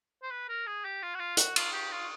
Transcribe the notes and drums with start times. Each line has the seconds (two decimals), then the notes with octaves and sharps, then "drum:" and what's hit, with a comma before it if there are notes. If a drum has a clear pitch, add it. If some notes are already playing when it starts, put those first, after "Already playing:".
0.22 C5
0.31 B4
0.49 A#4
0.67 G#4
0.84 G4
1.03 F4
1.15 F#4
1.19 F4
1.37 F#4, drum: hi-hat
1.56 F4, drum: cymbal
1.73 G4
1.92 F4